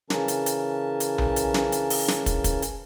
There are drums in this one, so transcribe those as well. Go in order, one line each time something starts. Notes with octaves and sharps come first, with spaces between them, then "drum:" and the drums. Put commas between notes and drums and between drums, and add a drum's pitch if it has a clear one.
C#3 E3 C#4 A#4 A5, drum: snare
drum: hi-hat
drum: hi-hat
drum: hi-hat
drum: tom B1
drum: hi-hat
drum: snare
drum: hi-hat
drum: open hi-hat
drum: snare
drum: kick, hi-hat
drum: kick, hi-hat
drum: hi-hat